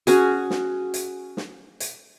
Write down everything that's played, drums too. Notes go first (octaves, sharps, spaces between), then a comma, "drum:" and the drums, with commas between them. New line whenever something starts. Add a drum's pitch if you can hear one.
C#4 F#4 G#4, drum: hi-hat
drum: snare
drum: hi-hat
drum: snare
drum: hi-hat